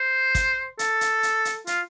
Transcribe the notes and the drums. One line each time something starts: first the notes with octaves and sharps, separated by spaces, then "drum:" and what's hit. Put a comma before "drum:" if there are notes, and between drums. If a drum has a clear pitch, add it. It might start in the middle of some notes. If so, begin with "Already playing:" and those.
Already playing: C5
drum: kick, hi-hat
A4, drum: hi-hat
drum: hi-hat
drum: hi-hat
drum: hi-hat
F4, drum: hi-hat